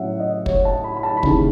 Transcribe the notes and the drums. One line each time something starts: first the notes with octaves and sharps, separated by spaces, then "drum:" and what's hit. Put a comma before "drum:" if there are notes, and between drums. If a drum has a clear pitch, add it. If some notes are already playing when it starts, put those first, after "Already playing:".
Already playing: A2 F#3 C#4 E5 F#5
D#5
C#5, drum: kick
A5
B5
B5
A5
B5
D#2 C#3 E3 A5, drum: kick